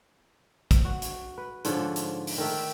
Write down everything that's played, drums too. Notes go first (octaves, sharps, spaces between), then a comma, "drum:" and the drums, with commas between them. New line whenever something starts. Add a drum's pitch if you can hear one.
drum: kick, hi-hat
F#4
drum: hi-hat
B4
G#2 D3 F3 C#5, drum: hi-hat
drum: hi-hat
drum: open hi-hat
D#3 A3 E5